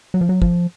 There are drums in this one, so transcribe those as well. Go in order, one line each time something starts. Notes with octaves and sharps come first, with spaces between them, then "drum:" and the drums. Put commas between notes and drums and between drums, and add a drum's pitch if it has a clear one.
F#3
F3
F#3
F3, drum: kick